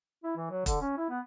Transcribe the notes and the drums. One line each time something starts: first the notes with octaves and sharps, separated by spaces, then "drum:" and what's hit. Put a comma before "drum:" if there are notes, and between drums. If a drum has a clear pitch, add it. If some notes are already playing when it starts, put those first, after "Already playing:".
E4
E3
F#3
D3, drum: kick E1, hi-hat
C#4
E4
B3